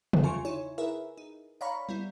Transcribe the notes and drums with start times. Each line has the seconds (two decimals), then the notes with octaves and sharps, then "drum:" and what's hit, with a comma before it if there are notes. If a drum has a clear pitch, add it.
0.13 drum: tom
0.23 E2 C#3 F4 G#5 C6 C#6
0.45 D#4 E4 C#5
0.78 E4 G#4 A#4 B4 E5
1.18 D#4
1.61 C#5 D5 F5 A#5 B5 C#6
1.89 G3 B3 E4